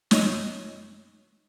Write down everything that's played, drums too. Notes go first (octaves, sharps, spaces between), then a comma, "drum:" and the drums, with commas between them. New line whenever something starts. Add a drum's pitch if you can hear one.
F#2 C#5 D#5 E6, drum: snare